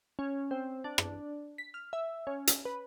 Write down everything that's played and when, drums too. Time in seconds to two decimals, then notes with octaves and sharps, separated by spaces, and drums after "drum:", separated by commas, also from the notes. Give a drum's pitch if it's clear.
0.19 C#4
0.51 C4
0.84 D4
0.98 drum: rim click
1.58 B6
1.74 F6
1.93 E5
2.27 C#4
2.47 drum: hi-hat
2.65 B4